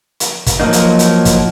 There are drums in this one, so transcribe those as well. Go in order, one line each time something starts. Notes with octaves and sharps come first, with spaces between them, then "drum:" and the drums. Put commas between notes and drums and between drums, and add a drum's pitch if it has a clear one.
drum: hi-hat
drum: kick, hi-hat
F3 F#3 A#3 D#4
drum: hi-hat
drum: hi-hat
drum: kick, hi-hat